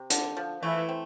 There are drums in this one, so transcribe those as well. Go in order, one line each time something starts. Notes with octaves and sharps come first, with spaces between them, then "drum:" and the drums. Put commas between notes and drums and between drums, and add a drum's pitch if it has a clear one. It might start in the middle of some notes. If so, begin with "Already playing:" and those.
Already playing: C3
D3, drum: hi-hat
F3
E3 A3 E4
C4